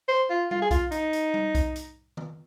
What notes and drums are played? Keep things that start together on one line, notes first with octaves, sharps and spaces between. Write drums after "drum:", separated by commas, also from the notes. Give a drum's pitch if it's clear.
C5
F4
F4, drum: tom G3
G#4
F4, drum: kick B1, hi-hat
D#4, drum: hi-hat
drum: hi-hat
drum: tom G3
drum: kick B1, hi-hat
drum: hi-hat
drum: tom D#3